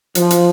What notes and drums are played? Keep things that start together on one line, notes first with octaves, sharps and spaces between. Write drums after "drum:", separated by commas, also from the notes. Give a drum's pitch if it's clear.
F3, drum: hi-hat
drum: hi-hat